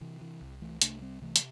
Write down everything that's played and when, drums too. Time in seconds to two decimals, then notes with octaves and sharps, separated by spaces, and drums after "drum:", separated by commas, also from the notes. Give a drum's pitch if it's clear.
0.01 C3 E3
0.21 E3
0.41 C2
0.62 E3 A3
0.82 C3 A3 D4, drum: hi-hat
1.01 G3 C4
1.22 C3 E3 A3
1.36 drum: hi-hat